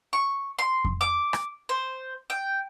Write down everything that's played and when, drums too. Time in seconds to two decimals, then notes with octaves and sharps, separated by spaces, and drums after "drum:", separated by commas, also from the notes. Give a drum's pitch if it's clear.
0.13 C#6
0.59 C6
0.85 drum: kick F2
1.01 D6
1.33 drum: rim click
1.69 C5
2.30 G5